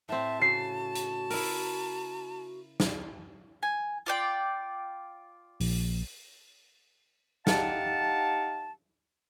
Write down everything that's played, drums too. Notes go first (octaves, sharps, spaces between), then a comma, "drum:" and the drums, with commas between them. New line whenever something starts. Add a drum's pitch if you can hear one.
A2 C4 E5 A5
C#3 F#4 C7
drum: hi-hat
E4 A#4, drum: open hi-hat
drum: snare
G#5
F4 D5 G5
A#1, drum: open hi-hat
D#4 G4 F5 F#5 A5, drum: snare